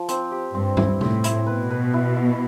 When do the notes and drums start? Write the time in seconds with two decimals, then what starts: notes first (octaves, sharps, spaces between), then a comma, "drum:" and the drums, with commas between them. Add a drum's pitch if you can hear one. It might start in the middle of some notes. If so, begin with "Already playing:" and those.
Already playing: F3
0.09 C4, drum: hi-hat
0.31 G4
0.54 G2 C4
0.77 E4, drum: tom G2
1.01 A2 C4, drum: tom C3
1.24 E4, drum: hi-hat
1.46 B2 B4
1.70 B4
1.94 E4
2.17 E4